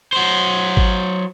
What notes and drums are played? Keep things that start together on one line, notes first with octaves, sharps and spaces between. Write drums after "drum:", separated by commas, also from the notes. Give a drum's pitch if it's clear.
F#3 C5
drum: kick G#1